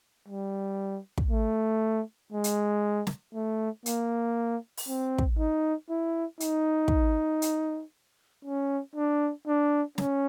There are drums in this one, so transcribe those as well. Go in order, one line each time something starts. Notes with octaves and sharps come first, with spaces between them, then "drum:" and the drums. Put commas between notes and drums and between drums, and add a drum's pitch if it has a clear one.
G3
drum: kick
A3
G#3
drum: hi-hat
drum: snare
A3
A#3, drum: hi-hat
drum: open hi-hat
C4
drum: kick
D#4
E4
D#4, drum: hi-hat
drum: kick
drum: hi-hat
C#4
D4
D4
C#4, drum: snare